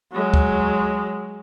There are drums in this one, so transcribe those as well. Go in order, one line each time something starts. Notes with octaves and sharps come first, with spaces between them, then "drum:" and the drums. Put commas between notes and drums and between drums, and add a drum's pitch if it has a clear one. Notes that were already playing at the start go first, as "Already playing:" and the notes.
F#3 G#3
drum: kick